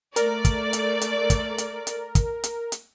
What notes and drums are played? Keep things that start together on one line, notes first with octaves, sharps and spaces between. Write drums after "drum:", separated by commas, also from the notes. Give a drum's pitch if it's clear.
A3 A#4 D5, drum: hi-hat
drum: kick, hi-hat
drum: hi-hat
drum: hi-hat
drum: kick, hi-hat
drum: hi-hat
drum: hi-hat
drum: kick, hi-hat
drum: hi-hat
drum: hi-hat